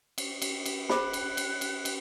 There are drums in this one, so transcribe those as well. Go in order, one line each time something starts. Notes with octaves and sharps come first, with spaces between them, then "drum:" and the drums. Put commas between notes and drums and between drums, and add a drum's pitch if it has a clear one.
drum: cymbal
drum: cymbal
drum: cymbal
G#4 C5 B5 F#6, drum: snare
drum: cymbal
drum: cymbal
drum: cymbal
drum: cymbal